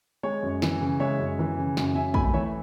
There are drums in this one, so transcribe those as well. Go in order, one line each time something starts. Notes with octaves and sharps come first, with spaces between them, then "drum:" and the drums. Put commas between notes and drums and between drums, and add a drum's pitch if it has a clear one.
G#3 C#5
F#2
E3, drum: snare
C#3
G#3 C#5 E5
F#2
E3
C#3
F#2, drum: snare
F#2 E5 G#5
A3 G#5 B5, drum: kick
E3 C#5 E5